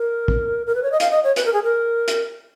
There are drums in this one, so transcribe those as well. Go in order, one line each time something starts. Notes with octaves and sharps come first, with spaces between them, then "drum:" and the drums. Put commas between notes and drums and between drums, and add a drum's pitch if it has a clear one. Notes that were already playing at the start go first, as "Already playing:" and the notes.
Already playing: A#4
drum: kick
A#4
B4
C#5
D#5
F5, drum: hi-hat
D#5
C#5
B4, drum: hi-hat
A#4
G#4
A#4
drum: hi-hat